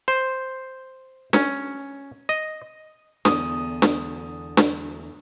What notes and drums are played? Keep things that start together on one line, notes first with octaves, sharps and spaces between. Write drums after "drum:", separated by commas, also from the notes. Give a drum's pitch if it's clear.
C5
C#4, drum: snare D4
D#5
E2 D3 D#6, drum: snare D4
drum: snare D4
drum: snare D4